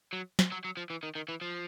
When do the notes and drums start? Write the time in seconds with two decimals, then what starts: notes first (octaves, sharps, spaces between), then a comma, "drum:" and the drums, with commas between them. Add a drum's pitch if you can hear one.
0.13 F#3
0.39 drum: snare
0.52 F#3
0.65 F#3
0.77 F3
0.90 E3
1.03 D#3
1.15 D#3
1.29 E3
1.41 F3